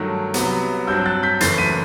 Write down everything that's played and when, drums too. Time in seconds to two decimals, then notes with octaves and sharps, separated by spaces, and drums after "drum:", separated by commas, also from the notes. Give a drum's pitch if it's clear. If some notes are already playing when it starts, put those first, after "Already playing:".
Already playing: G2 D#3 F#3 A3
0.34 C2 C3 F#3 B3, drum: hi-hat
0.87 G2 F#3 C4 E6 G6
1.06 F#6 A6
1.23 G6 B6
1.41 F#1 F#2 E3 A3 A6 C7, drum: hi-hat
1.58 B6 D#7